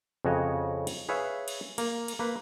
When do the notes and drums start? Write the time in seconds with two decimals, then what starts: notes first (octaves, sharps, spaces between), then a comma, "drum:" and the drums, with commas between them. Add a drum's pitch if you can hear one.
0.25 F2 C#3 F#4 C#5 D#5
0.87 drum: cymbal
1.09 G#4 B4 C#5 E5 F5
1.48 drum: cymbal
1.78 A#3, drum: cymbal
2.08 drum: cymbal
2.19 A#3 B4